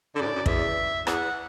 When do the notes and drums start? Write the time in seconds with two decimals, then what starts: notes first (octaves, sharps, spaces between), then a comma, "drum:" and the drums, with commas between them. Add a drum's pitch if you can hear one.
0.15 D3 D5
0.21 F#2
0.25 A2
0.35 F#2
0.46 E2 E5, drum: kick
1.07 E2 F#5, drum: rim click